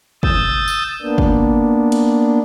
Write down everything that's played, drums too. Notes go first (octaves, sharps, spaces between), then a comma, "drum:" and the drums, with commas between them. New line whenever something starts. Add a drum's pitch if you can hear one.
D#6 E6 G6 A6, drum: kick
drum: tambourine
A#3 B3 D4
drum: kick
drum: cymbal